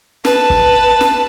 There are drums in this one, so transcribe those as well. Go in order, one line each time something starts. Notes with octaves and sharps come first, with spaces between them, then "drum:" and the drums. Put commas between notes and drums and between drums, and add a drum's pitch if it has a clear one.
B4 A5, drum: snare
drum: kick
drum: snare